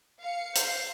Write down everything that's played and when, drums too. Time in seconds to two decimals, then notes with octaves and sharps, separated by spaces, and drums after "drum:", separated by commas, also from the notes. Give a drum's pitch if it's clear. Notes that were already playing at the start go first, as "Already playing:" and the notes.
0.21 F5 C#7
0.55 C5, drum: hi-hat